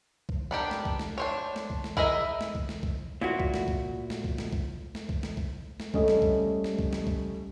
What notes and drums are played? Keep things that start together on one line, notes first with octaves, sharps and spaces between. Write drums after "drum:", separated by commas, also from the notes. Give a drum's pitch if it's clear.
drum: kick
B3 D4 G4 A#4
drum: snare
drum: kick
drum: snare
D4 C5 C#5
drum: snare
drum: kick
drum: snare
E4 G#4 A#4 D#5 E5, drum: kick
drum: snare
drum: kick
drum: snare
drum: kick
A#2 E4 F#4
drum: kick
drum: snare
drum: kick
drum: snare
drum: kick
drum: snare
drum: kick
drum: snare
drum: kick
drum: snare
drum: kick
drum: snare
G3 A3 C#4 G4 A4 D#5, drum: kick
drum: snare
drum: kick
drum: snare
drum: kick
drum: snare
drum: kick